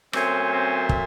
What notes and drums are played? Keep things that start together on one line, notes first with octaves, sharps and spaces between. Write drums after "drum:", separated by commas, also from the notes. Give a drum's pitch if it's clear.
A#2 F#3 A3 C4 C#4 C5, drum: rim click
C4 C5
drum: kick